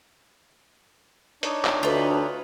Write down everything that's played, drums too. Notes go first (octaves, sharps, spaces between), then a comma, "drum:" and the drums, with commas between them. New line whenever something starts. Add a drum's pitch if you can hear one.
D4 D#4 C#5, drum: hi-hat
drum: clap
D2 F4 B4